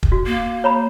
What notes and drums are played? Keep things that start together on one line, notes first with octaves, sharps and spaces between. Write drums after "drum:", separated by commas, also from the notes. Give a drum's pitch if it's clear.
drum: kick
F#4
A#3
C#5 A#5 B5